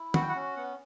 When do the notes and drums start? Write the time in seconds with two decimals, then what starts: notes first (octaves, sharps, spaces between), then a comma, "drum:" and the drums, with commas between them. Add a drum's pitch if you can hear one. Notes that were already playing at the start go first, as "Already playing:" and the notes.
Already playing: E4
0.14 F#4 F#5, drum: tom
0.21 G5
0.29 F#5
0.35 C#4
0.56 B3 F#5